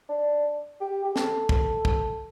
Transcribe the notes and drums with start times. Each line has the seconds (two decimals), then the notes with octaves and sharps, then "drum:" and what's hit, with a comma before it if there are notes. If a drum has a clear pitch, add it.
0.09 D4
0.81 G4
1.04 G4
1.16 A4, drum: snare
1.49 drum: kick
1.85 drum: kick